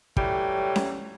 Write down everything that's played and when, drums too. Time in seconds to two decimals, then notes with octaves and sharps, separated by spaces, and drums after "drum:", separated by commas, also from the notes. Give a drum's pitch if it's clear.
0.17 A2 E3 F#3 G3, drum: kick
0.76 drum: snare C#4